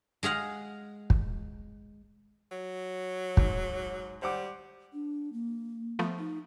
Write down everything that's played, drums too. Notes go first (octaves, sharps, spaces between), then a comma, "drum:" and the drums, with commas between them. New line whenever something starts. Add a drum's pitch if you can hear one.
G#3 G#4 F5 F#5
drum: kick
F#3
G#2, drum: kick
G3 C5 F#5 D6
D4
A#3
F3 A3 B3
D#4